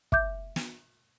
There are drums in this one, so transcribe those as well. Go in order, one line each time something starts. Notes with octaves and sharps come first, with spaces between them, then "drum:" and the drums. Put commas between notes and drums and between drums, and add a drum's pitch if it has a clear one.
E5 D6 G6, drum: kick
drum: snare